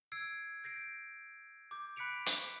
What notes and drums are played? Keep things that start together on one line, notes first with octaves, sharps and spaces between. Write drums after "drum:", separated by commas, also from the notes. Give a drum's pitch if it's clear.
E6 G#6 C7 D7
G6 A#6 C7 D7
D6 G6
B5 F#6 B6 C#7 D7 F7
drum: hi-hat